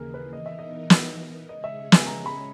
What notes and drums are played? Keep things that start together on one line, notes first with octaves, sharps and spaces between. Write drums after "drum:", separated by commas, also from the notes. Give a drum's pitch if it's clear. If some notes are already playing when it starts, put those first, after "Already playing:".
Already playing: D#2 C#3 E3 A#3 G#4 A#4
B4
E3 B3 D#4 A#4 D#5
E5
D#5
drum: snare
C#3 G#3 C#4 G#4 C#5 D#5
E5
G#5, drum: snare
A#5
B5